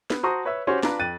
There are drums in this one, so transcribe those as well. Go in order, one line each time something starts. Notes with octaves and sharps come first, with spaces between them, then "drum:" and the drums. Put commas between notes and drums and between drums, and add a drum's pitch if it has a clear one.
B3, drum: snare
F#4 C5 A5 A#5 C#6 D#6
B4 C#5 E5 E6
C#4 F#4 G4 C5 C#5
D4 F4 B4 A#5, drum: snare
F2 G5 F#6 A6 D#7